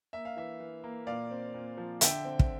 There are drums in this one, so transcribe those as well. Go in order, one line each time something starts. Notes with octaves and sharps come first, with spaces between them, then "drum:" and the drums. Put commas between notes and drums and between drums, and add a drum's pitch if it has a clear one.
A#3 E5
F5
E3 E5
E3
A#3
A#2 D5 F5
C4
A#2
F3
D3 E5 G5, drum: hi-hat
C4
drum: kick